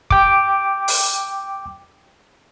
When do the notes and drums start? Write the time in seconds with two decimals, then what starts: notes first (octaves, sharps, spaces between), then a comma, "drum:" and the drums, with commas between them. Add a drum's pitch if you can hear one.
0.11 G5 D6, drum: kick
0.88 drum: open hi-hat